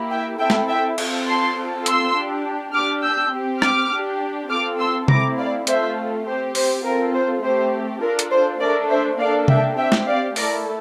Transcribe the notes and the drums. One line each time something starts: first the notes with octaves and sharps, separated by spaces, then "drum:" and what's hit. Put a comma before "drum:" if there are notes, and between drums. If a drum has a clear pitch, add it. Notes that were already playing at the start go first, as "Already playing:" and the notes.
Already playing: A#3 E4 G4
E5 G5
C4 E4 A4 E5 G5
drum: snare
E5 G5
C4 F4 A4, drum: cymbal
A5 C6
C4 F4 A4
C6 E6, drum: hi-hat
D4 G4
D4 G4 D6 F6
E6 G6
C4 G4
D6 F6, drum: rim click
D4 G4
C4 F4 A4 D6 F6
C6 E6
A3 C4 E4 A#5 D6, drum: tom C3
D5 F5
A3 C4 F4 A4 C5 E5, drum: hi-hat
C4 G4 C5
C5, drum: open hi-hat
C4 F4 A4 A#4
C5
A3 C4 G4 C5
D4 F4 A4 A#4
drum: hi-hat
C5
A3 D4 A4 A#4 D5
C5 E5
A#3 D4 A4 D5 F5
E5 G5, drum: tom C3
C4 G4 E5 G5
drum: snare
D5 F5
A3 E4 A4 A#4 D5, drum: open hi-hat